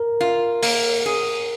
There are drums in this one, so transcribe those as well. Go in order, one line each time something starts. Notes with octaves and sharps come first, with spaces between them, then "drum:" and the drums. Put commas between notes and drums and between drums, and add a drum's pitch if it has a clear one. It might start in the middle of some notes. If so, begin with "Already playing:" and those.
Already playing: A#4
F4
A#3, drum: open hi-hat
G#4